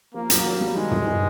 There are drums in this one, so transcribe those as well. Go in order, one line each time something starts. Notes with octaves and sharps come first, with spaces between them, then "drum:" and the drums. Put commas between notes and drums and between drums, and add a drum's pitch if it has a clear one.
F3 A#3
F#3, drum: hi-hat
F#3
G3
D#3 G#3
E3, drum: tom
D#3